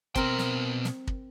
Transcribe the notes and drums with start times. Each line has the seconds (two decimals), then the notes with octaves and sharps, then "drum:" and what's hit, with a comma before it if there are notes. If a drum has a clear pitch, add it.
0.15 B2 C4 A#4 C6, drum: kick
0.38 drum: snare
0.84 drum: snare
1.07 drum: kick